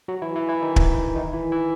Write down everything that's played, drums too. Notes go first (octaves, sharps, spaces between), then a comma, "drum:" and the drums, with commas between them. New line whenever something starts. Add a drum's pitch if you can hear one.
F#3 F#4
E3 E4
E3 E4
E3 E4
D#3 D#4
drum: kick
D#3 D#4
E3 E4
E3 E4